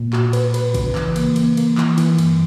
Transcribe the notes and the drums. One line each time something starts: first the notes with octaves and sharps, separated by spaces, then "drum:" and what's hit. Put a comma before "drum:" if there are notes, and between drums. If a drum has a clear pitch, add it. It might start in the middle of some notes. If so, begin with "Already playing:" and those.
Already playing: A#2
F#4, drum: clap
B4, drum: cymbal
B4, drum: cymbal
C#3, drum: kick A1, cymbal
E3, drum: clap
A#3, drum: cymbal
A#3, drum: cymbal
A#3, drum: cymbal
E3, drum: clap
E3, drum: cymbal
G2, drum: cymbal